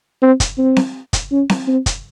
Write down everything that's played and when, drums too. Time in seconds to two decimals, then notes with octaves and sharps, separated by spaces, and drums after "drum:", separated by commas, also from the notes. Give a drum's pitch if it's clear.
0.22 C4
0.40 drum: kick, hi-hat
0.58 C4
0.76 drum: snare C4
1.13 drum: kick, hi-hat
1.31 C#4
1.49 drum: snare C4
1.67 C4
1.86 drum: kick, hi-hat